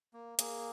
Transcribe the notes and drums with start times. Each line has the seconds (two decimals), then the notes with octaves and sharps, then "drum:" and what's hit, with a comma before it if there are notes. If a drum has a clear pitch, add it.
0.13 A#3
0.39 A#3 G#4, drum: hi-hat